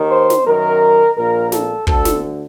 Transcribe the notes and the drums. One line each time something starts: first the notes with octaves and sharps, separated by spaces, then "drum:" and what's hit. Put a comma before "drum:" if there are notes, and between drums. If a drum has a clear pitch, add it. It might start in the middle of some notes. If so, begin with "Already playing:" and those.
Already playing: D#2 D#3
C5
drum: snare
F#2 D#3 A#4
A#1 A#2 A#4
A4, drum: snare
D2 D3 A4, drum: kick
drum: snare